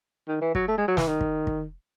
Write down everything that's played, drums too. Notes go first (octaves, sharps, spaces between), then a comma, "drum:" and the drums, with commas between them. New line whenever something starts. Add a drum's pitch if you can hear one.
D#3
E3
F#3, drum: kick
A3
G#3
F#3
E3, drum: snare
D#3
drum: kick
drum: kick